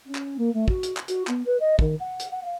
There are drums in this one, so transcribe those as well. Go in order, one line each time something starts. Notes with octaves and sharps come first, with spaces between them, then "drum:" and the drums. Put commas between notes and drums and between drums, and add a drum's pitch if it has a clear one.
C#4
drum: clap
A#3
A3
F#4, drum: kick
drum: hi-hat
drum: clap
F#4, drum: hi-hat
B3, drum: clap
B4
D#5
D#3, drum: kick
F#5
drum: hi-hat
F#5
F5